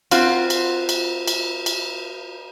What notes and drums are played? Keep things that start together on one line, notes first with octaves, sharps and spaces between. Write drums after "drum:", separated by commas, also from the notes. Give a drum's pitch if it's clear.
C4 F4 F#4, drum: cymbal
drum: cymbal
drum: cymbal
drum: cymbal
drum: cymbal